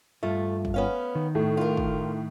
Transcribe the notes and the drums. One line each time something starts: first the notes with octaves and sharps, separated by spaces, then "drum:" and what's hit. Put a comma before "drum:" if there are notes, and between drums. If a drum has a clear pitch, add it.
G2 A3 F4 E5
drum: kick
B3 C#4 F5
D#3
A2
F4 A#4
drum: kick